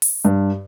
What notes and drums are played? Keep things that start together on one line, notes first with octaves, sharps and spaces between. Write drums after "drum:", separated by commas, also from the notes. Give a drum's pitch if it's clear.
drum: open hi-hat
G2